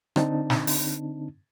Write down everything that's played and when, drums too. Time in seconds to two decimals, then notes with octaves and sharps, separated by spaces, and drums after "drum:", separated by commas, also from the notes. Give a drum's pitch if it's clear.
0.16 D3 C4 D4 D#4 A5, drum: rim click
0.50 drum: snare
0.67 drum: open hi-hat